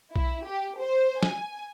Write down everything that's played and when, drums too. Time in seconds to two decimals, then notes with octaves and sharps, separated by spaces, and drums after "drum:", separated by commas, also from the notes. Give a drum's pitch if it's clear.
0.16 E4, drum: kick B1
0.47 G4
0.81 C5
1.23 G#5, drum: snare